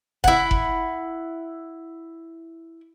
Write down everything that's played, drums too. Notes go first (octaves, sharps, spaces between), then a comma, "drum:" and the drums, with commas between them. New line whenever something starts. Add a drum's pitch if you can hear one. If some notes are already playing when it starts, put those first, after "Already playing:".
E4 F#5, drum: kick F1
drum: kick F1